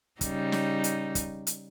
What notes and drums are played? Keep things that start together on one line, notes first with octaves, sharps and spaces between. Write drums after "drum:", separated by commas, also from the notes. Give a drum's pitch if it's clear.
C#3 G3 D#4, drum: kick, hi-hat
drum: snare
drum: hi-hat
drum: kick, hi-hat
drum: hi-hat